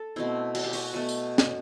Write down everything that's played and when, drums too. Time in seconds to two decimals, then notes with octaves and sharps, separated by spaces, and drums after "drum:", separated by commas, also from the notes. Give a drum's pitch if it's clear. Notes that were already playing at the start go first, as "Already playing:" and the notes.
Already playing: A4
0.16 B2 A3 C4 E4
0.55 F#4, drum: cymbal
0.64 G4
0.73 F#4, drum: open hi-hat
0.94 B2 A3
1.09 drum: tambourine
1.38 drum: snare